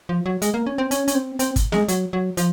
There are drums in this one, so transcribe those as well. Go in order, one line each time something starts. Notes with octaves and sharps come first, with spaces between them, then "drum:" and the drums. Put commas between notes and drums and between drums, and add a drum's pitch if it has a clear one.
F3
F#3
G#3, drum: hi-hat
A#3
C#4
C4
C#4, drum: hi-hat
C#4, drum: hi-hat
C4
C4, drum: hi-hat
drum: kick, hi-hat
G#3, drum: snare
F#3, drum: hi-hat
F#3
F3, drum: hi-hat